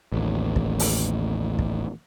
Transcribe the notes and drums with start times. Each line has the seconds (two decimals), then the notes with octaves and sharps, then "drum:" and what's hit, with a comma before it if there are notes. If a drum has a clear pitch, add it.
0.12 A1 D#2
0.56 drum: kick
0.79 drum: open hi-hat
1.59 drum: kick